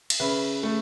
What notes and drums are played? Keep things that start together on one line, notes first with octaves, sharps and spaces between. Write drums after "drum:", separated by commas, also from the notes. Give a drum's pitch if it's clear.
drum: cymbal
C#3 B4 E5
A3